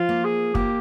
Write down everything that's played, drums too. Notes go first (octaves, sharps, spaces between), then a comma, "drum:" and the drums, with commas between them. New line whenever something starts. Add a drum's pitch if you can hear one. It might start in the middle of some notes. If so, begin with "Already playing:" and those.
Already playing: F3 F4
A#3
G#4
A#3 G4, drum: kick